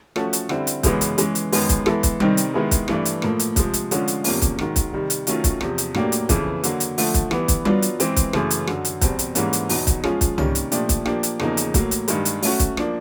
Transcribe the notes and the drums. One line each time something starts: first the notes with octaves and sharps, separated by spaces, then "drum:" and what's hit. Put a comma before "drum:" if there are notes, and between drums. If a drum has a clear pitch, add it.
F3 A3 C#4 F#4 A4, drum: rim click
drum: hi-hat
D3 G3 C4 E4, drum: rim click
drum: hi-hat
F#2 C#3 E3 G#3 B3, drum: kick, hi-hat
drum: hi-hat
E3 G#3 C#4, drum: hi-hat
drum: hi-hat
F#2 D#3 G#3 B3, drum: open hi-hat
drum: kick, hi-hat
E3 G#3 B3 E4 A4, drum: rim click
drum: kick, hi-hat
C3 D#3 G3 C4 D#4, drum: tom G3
drum: hi-hat
D#3 G#3 B3 E4 G#4
drum: kick, hi-hat
G2 E3 A3 D4, drum: rim click
drum: hi-hat
A2 F3 A#3, drum: rim click
drum: hi-hat
C3 F3 G#3, drum: kick, hi-hat
drum: hi-hat
D3 F3 G#3 C#4 F4, drum: hi-hat
drum: hi-hat
E2 C3 F3 A#3 C#4, drum: open hi-hat
drum: kick, hi-hat
G#2 D#3 F#3, drum: rim click
drum: kick, hi-hat
C3 D#3 G3
drum: hi-hat
D#3 F#3 A3 C#4 F4, drum: hi-hat
drum: kick, hi-hat
E2 C3 F3, drum: rim click
drum: hi-hat
A2 F#3 A#3 D4 G4, drum: rim click
drum: hi-hat
F2 C#3 E3, drum: kick, hi-hat
D3 F#3 A#3, drum: hi-hat
drum: hi-hat
D3 F3 A3, drum: open hi-hat
drum: kick, hi-hat
E3 G3 B3, drum: rim click
drum: kick, hi-hat
F#3 B3 D4 F4, drum: tom G3
drum: hi-hat
E3 G#3 C4, drum: hi-hat
drum: kick, hi-hat
F#2 C#3 E3 A3, drum: rim click
drum: hi-hat
F#2 D3 F#3, drum: rim click
drum: hi-hat
E2 B2 G3 C4, drum: kick, hi-hat
drum: hi-hat
G#2 E3 G3 A#3 C#4, drum: hi-hat
drum: hi-hat
E2 B2 F#3 B3 D#4, drum: open hi-hat
drum: kick, hi-hat
F3 G#3 C#4 F4 G#4, drum: rim click
drum: kick, hi-hat
C3 D#3 G3 A#3 C#4, drum: tom C2
drum: hi-hat
A#2 F3 A3 D4 G4, drum: hi-hat
drum: kick, hi-hat
F3 A#3 D4 G4, drum: rim click
drum: hi-hat
E2 C#3 F3 A#3 D#4, drum: rim click
drum: hi-hat
A2 F#3 A#3, drum: kick, hi-hat
drum: hi-hat
G2 D#3 G#3, drum: hi-hat
drum: hi-hat
F#3 A3 C#4 F#4, drum: open hi-hat
drum: kick, hi-hat
F3 A#3 D4, drum: rim click